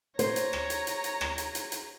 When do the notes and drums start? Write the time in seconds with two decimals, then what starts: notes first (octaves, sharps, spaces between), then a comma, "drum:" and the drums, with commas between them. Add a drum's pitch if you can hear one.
0.19 C5 C#5 A#5, drum: hi-hat
0.36 drum: hi-hat
0.53 drum: rim click
0.70 drum: hi-hat
0.87 drum: hi-hat
1.04 drum: hi-hat
1.21 drum: rim click
1.38 drum: hi-hat
1.55 drum: hi-hat
1.72 drum: hi-hat